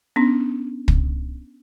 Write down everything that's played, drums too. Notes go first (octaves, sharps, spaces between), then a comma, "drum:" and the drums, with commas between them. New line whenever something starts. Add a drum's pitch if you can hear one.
B3 C#4 D4
drum: kick